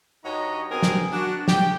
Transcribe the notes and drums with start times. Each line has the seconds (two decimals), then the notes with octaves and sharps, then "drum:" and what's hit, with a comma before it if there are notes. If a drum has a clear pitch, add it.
0.24 G2 D#4 F#4 C#5 D#5 A#5
0.70 B2 C4 G#4 A#4 G#5
0.83 drum: snare
1.12 D4 F#4
1.48 G4 G5, drum: snare